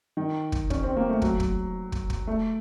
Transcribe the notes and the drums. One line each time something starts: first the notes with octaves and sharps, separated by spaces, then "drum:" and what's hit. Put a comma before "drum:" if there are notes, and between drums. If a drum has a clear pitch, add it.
D#3
drum: kick
C#4, drum: kick
C4
A#3
A3
F#3, drum: kick
drum: kick
drum: kick
drum: kick
A3